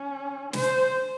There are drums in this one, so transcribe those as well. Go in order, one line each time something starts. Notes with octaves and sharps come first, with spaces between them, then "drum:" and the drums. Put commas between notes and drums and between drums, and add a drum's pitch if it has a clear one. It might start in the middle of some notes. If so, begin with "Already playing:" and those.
Already playing: C#4
C5, drum: snare